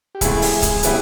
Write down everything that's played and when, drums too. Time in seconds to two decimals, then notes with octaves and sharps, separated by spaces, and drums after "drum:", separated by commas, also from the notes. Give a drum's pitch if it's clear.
0.15 G4
0.21 C#2 C3 E3 G#3 A3 G#4, drum: kick C#1, hi-hat
0.42 drum: open hi-hat
0.62 drum: kick C#1, hi-hat
0.83 C#3 F#3 B3 E4 G4, drum: hi-hat